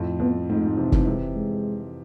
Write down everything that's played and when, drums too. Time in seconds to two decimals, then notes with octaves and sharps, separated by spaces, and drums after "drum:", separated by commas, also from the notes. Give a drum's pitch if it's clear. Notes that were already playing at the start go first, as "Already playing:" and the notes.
Already playing: F2 A2
0.20 F2 B3
0.49 G#2 A3
0.63 G#2
0.77 C3 E3
0.92 C3 E3, drum: kick
1.06 C3 E3 G#3
1.36 G#3